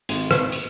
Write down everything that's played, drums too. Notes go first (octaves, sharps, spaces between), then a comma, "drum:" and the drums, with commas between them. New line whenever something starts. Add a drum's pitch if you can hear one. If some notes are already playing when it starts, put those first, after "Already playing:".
G#1, drum: hi-hat
drum: rim click
drum: hi-hat